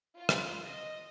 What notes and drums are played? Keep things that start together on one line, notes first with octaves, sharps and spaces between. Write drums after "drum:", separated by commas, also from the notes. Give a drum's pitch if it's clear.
F4
drum: rim click
D#5